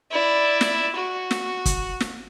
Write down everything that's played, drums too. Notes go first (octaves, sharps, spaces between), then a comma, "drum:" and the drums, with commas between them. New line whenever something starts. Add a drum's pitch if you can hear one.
E4 D5
drum: snare
F#4
drum: snare
drum: kick, hi-hat
drum: snare